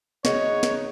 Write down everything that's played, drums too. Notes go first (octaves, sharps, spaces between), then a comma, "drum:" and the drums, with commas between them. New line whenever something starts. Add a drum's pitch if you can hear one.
C#3 D#4 F#4 C#5, drum: snare
drum: snare